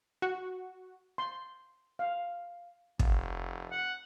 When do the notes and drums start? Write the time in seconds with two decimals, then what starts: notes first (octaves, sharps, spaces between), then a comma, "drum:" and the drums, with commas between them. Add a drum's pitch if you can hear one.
0.22 F#4
1.18 C6
1.99 F5
2.99 F1, drum: kick
3.72 F#5